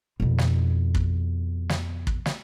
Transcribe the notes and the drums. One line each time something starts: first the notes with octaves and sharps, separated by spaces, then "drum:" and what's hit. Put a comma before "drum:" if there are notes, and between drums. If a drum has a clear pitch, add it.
F2 B2
drum: snare
drum: kick
drum: snare
drum: kick
drum: snare